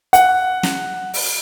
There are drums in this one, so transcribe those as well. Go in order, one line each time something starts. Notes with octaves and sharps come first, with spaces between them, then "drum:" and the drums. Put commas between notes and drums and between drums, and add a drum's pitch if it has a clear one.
F#5, drum: hi-hat
drum: snare
drum: open hi-hat